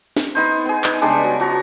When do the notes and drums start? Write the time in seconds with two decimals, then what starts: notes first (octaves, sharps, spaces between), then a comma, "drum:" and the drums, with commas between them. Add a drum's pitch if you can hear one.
0.17 drum: snare
0.35 B3 D#4 C5
0.66 B3 G#4
0.84 D#4, drum: clap
1.01 C#3 G3 G#3 D4
1.24 F#3
1.40 F3 F#4 A#5